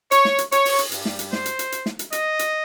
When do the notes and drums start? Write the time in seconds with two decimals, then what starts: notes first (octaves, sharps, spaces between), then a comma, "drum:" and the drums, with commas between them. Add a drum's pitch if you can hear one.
0.12 C#5, drum: hi-hat
0.25 drum: snare
0.38 drum: hi-hat
0.52 C#5, drum: hi-hat
0.65 drum: open hi-hat
0.79 drum: hi-hat
0.92 G2 G3, drum: hi-hat
1.05 drum: snare
1.19 drum: hi-hat
1.33 C5, drum: snare
1.46 drum: hi-hat
1.59 drum: hi-hat
1.72 drum: hi-hat
1.86 drum: snare
1.99 drum: hi-hat
2.12 D#5, drum: hi-hat
2.39 drum: hi-hat